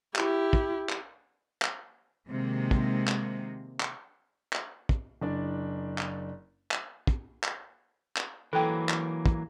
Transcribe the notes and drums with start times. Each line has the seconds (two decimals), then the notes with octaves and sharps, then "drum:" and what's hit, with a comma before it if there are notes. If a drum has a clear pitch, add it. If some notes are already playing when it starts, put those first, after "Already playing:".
0.16 E4 G4, drum: clap
0.53 drum: kick
0.89 drum: clap
1.62 drum: clap
2.29 C3 D#3 G#3 A#3
2.71 drum: kick
3.08 drum: clap
3.80 drum: clap
4.53 drum: clap
4.89 drum: kick
5.21 F#1 D4 D5
5.98 drum: clap
6.71 drum: clap
7.07 drum: kick
7.44 drum: clap
8.16 drum: clap
8.53 E3 F#3 A#3 A4 G5
8.89 drum: clap
9.26 drum: kick